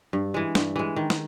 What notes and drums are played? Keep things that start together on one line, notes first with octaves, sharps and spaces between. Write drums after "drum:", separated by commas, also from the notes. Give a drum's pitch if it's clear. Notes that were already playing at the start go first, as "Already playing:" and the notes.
G2
E3 G#3
G2, drum: snare
E3 G#3
D#3
drum: snare